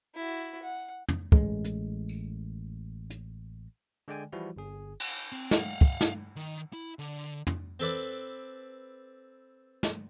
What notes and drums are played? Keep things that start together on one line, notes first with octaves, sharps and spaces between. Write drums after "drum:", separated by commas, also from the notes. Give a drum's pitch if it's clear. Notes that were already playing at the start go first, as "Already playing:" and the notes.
E4 F#4
F#5
drum: tom
A1 G#3, drum: kick
drum: hi-hat
drum: tambourine
drum: hi-hat
D3 G#3 D5 G5 G#5
E3 F3 G3 E4 F#4
G1 G#4
drum: cymbal
C4
F5 F#5, drum: snare
drum: kick
drum: snare
D#3
E4
D3
drum: tom
C4 A4 B4 D5
drum: snare